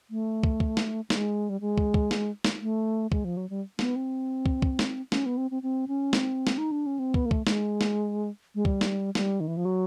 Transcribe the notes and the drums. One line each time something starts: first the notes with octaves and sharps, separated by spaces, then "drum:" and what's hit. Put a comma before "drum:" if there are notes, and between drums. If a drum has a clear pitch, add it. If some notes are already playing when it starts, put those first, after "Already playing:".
A3
drum: kick
drum: kick
drum: snare
G#3, drum: snare
G3
G#3
drum: kick
drum: kick
drum: snare
drum: snare
A3
G#3, drum: kick
F3
F#3
G3
B3, drum: snare
C4
drum: kick
drum: kick
drum: snare
C#4, drum: snare
B3
C4
C4
C4
C#4
C4, drum: snare
drum: snare
D#4
D4
C#4
C4
B3, drum: kick
A#3
A3, drum: kick
G#3, drum: snare
drum: snare
G#3
G3, drum: kick
drum: snare
G3, drum: snare
D#3
E3
F3
F#3